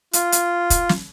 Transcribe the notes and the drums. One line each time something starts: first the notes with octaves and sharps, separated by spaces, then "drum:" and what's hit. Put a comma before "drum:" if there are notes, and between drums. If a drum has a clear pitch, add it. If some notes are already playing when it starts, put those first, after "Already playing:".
F4, drum: hi-hat
drum: hi-hat
drum: kick, hi-hat
drum: snare